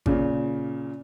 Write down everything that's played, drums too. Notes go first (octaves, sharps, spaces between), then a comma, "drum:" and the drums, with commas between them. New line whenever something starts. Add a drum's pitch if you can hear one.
A#2 C#3, drum: kick G#1